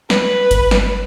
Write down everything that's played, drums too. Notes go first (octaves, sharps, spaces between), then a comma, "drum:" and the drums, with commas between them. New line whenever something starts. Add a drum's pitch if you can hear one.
B4, drum: snare
drum: kick G1, hi-hat
drum: snare